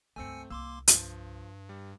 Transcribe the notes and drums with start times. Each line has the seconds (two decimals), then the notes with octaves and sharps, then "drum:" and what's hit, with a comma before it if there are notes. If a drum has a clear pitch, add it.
0.16 C#2 G2 A3 C4 G#5 E6 C#7
0.50 C2 A#3 C6 D6 E6
0.88 G2 F3, drum: hi-hat
1.69 G3